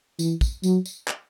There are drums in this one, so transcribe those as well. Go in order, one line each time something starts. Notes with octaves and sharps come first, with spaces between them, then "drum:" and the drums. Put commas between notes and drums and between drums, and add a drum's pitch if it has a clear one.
E3, drum: tambourine
drum: kick, tambourine
F#3, drum: tambourine
drum: tambourine
drum: clap